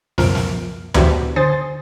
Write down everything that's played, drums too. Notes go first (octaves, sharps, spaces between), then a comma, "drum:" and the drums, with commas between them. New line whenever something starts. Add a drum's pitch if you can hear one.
C#2 F#2 F3 A#4 F6 D7, drum: snare
drum: snare
B3 D4 E4 F#4 G4 C5, drum: tom D2
D3 C5 G#5 C6 D#6 A6